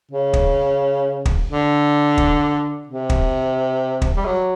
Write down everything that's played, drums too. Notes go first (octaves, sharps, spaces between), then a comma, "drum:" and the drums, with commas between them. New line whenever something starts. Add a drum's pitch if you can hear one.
C#3
drum: kick
drum: kick
D3
drum: kick
C3
drum: kick
drum: kick
G3
F#3